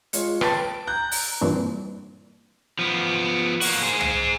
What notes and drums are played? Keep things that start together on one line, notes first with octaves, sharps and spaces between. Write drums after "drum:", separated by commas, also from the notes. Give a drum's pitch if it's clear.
G#3 F4 C#5 C#7, drum: hi-hat
B4 G5 A5 A6, drum: rim click
D7
A#5 F#6 G6
drum: open hi-hat
G2 A#2 E3 C4 D4
F3 B3
A#3 F#4, drum: open hi-hat
G#4 C5
drum: tom